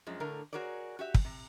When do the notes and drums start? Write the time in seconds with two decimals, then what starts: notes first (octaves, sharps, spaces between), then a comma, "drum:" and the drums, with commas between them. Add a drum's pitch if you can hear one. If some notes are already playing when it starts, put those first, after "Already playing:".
0.07 F#2 F3 G#3
0.20 A2 D3 A3 A#4
0.53 F#4 G#4 A#4 C#5 D5
0.99 F#4 G4 E5
1.14 drum: kick
1.25 C3